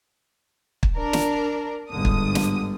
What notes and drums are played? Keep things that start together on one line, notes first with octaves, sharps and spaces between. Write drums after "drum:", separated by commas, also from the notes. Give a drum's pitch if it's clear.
drum: kick
D4 A#4
drum: snare
G1 G#2 D3 D#6
drum: kick
drum: snare